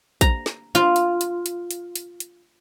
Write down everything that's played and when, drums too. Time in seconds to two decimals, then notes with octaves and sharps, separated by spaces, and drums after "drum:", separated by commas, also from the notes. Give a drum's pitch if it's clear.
0.21 A#5, drum: kick A#1, hi-hat
0.46 drum: snare
0.75 F4
0.96 drum: hi-hat
1.21 drum: hi-hat
1.46 drum: hi-hat
1.71 drum: hi-hat
1.96 drum: hi-hat
2.20 drum: hi-hat